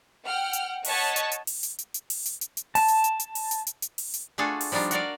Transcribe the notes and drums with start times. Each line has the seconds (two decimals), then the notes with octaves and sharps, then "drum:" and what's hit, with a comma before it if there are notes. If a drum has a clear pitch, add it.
0.26 F#5 G5 F6
0.53 drum: hi-hat
0.85 C#5 D#5 F#5 A5 C#6 B6, drum: open hi-hat
1.16 drum: hi-hat
1.32 drum: hi-hat
1.47 drum: open hi-hat
1.63 drum: hi-hat
1.79 drum: hi-hat
1.94 drum: hi-hat
2.10 drum: open hi-hat
2.26 drum: hi-hat
2.41 drum: hi-hat
2.57 drum: hi-hat
2.75 A5, drum: open hi-hat
2.88 drum: hi-hat
3.04 drum: hi-hat
3.20 drum: hi-hat
3.35 drum: open hi-hat
3.51 drum: hi-hat
3.67 drum: hi-hat
3.82 drum: hi-hat
3.98 drum: open hi-hat
4.14 drum: hi-hat
4.38 A3 D4 F4 F#4 G#4 A4
4.61 drum: open hi-hat
4.72 F3 G3 D4 D#4 F4
4.91 F#4 A#4 D5 F5, drum: hi-hat